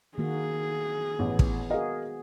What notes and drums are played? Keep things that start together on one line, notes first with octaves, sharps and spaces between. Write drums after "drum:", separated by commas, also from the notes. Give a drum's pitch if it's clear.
D#3 A#3 F#4 G#4
A1 B3
drum: kick
F#4 G#4 A#4 D#5 F5